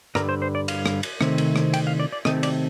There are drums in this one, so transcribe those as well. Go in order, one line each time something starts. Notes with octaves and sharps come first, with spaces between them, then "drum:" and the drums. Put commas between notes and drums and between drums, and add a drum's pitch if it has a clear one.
G2 D3 G3 A#4, drum: rim click
C5
C5
D5
F5, drum: cymbal
drum: rim click
drum: cymbal
C3 D#3 A3 C4, drum: rim click
drum: cymbal
drum: rim click
G5, drum: cymbal
F5
D5
D5
C3 D#3 A3 C4 D#5, drum: rim click
D5, drum: cymbal